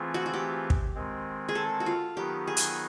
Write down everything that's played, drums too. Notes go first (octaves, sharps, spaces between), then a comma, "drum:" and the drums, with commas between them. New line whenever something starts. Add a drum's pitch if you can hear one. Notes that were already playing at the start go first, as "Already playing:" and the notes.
Already playing: E3 A3 C4 F4 G#4
F#4
F#4
G4
drum: kick
D#3 G#3 C4
G#4
A4
F#4
F4
D#3 F#3 B3 D#4 G4
G#4
drum: hi-hat